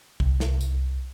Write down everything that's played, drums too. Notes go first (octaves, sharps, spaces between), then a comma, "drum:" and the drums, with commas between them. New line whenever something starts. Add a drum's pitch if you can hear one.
C2, drum: kick
drum: snare
drum: tambourine